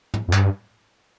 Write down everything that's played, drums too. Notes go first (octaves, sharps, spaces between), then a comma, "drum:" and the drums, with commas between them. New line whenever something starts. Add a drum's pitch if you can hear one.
drum: tom
F2
G2, drum: clap